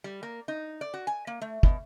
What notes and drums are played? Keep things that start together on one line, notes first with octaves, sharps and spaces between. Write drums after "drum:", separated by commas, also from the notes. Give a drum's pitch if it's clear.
G3
A#3
D#4
D5
F#4
G#5
A#3
A3
B2, drum: kick